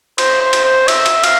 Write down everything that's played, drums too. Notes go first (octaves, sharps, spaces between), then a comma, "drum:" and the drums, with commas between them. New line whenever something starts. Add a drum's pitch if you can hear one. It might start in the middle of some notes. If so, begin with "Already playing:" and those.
C5, drum: cymbal
C5
drum: cymbal
C5
E5, drum: cymbal
drum: cymbal
F5, drum: cymbal